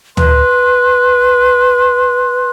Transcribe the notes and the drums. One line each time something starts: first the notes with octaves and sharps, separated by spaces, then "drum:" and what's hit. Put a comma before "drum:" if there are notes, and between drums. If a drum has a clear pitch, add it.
B4 C6 F#6, drum: tom